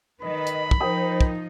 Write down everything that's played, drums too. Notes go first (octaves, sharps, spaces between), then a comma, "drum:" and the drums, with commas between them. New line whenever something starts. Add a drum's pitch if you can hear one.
D#3 B4 D#5 B5
drum: hi-hat
drum: kick
F3 D#4 A#4 C5 G5 D#6
drum: kick